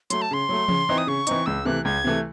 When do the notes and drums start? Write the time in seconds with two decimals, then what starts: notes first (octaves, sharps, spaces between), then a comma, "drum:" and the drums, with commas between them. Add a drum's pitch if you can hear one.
0.10 F#3 A3 C6, drum: hi-hat
0.22 A5
0.31 C#3 C6
0.49 F#3 A3
0.68 C#3, drum: tom E3
0.89 E3 C4 D#4
0.98 D#6
1.07 C#3 C#6
1.27 E3 C4 D#4, drum: hi-hat
1.46 C#2 E6
1.65 C3 E3 A3 F#6
1.85 C#2 G#6
2.04 C3 E3 A3